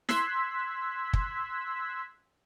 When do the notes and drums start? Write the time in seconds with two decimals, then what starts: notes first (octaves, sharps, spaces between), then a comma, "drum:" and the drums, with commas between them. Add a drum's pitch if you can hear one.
0.09 C6 E6 F#6 G#6 B6, drum: snare E4
1.13 drum: kick